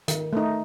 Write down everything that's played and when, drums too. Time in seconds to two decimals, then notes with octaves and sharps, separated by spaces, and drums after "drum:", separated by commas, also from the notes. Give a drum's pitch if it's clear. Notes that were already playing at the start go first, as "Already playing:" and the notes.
0.08 D#3, drum: hi-hat
0.33 A3 D#4